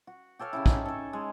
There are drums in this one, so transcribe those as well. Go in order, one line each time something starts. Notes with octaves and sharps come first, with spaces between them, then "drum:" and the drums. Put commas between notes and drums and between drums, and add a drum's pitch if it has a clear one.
F#4
G4 A4 C#5 F5
C#3 C#4 E4
D#4, drum: kick
A4 C#5
G#3